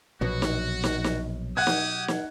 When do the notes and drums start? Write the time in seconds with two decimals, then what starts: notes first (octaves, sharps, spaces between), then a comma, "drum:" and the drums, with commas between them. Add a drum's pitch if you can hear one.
0.21 A#1 B2 F#3 B3 F#4
0.42 drum: snare
0.84 drum: snare
1.04 drum: snare
1.57 G4 F#5 D#6 F#6 G#6
1.67 drum: snare
2.08 drum: snare